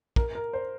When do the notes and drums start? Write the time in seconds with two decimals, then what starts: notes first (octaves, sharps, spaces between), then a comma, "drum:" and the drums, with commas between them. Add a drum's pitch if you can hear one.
0.16 A#4, drum: kick
0.35 A#4
0.53 C5